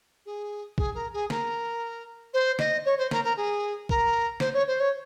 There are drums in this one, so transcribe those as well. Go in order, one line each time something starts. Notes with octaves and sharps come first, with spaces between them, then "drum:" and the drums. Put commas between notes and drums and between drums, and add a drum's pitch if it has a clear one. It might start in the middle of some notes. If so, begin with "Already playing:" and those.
G#4
G#4, drum: kick
A#4
G#4
A#4, drum: snare
C5
D#5, drum: snare
C#5
C5
A#4, drum: snare
A#4
G#4
A#4, drum: kick
C5, drum: snare
C#5
C5
C#5